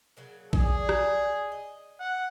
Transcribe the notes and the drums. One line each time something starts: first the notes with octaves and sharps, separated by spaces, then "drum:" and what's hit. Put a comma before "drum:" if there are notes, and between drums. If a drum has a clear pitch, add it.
C#3 F#3 A#3
G#4 D5, drum: kick A#1
drum: rim click
D#5
F#5